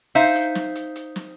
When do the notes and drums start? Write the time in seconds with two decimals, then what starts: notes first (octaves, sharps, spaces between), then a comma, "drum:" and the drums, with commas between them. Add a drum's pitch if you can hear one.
0.15 D#4 C5 E5 F5, drum: open hi-hat
0.35 drum: hi-hat
0.55 drum: snare
0.75 drum: hi-hat
0.96 drum: hi-hat
1.16 drum: snare